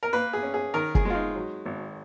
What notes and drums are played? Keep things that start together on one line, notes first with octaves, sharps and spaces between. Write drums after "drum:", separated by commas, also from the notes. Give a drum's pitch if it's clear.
A#4
A#3 B4
G#4
C#4
G#4
D#3 A#4
G#4, drum: kick
G#3 F4
D#4
F#3
G#1